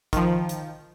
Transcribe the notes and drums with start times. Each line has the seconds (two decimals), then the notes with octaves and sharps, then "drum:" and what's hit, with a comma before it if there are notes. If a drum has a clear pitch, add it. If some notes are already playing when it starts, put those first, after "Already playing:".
0.13 D#3 F3, drum: kick, hi-hat
0.49 drum: hi-hat